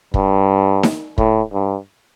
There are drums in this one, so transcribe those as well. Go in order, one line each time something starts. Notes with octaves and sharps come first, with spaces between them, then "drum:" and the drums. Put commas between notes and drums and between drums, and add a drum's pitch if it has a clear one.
G2, drum: kick
drum: snare D#4
A2, drum: kick
G2